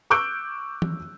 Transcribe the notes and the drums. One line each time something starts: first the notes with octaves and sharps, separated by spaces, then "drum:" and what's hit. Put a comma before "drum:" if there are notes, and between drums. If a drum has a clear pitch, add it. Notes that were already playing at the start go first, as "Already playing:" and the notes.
C#6 D6 E6 F#6 G6 D7
drum: tom E3